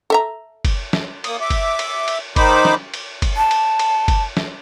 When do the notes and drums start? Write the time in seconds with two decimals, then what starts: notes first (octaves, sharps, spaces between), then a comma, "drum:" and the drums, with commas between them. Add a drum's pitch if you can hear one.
0.10 A4 E5 A#5
0.65 drum: kick F#1, cymbal
0.93 drum: snare
1.24 A#3 D#6, drum: cymbal
1.41 E5 D6
1.50 drum: kick F#1, cymbal
1.79 drum: cymbal
2.08 drum: cymbal
2.36 D#3 D#4 C5 B5 D6, drum: kick F#1, cymbal
2.65 drum: snare
2.94 drum: cymbal
3.22 drum: kick F#1, cymbal
3.37 A5
3.51 drum: cymbal
3.79 drum: cymbal
4.08 drum: kick F#1, cymbal
4.37 drum: snare